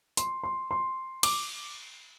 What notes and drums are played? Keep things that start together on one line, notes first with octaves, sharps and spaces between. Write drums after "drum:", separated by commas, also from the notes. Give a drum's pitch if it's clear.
C6, drum: hi-hat
C6
C6
D6, drum: cymbal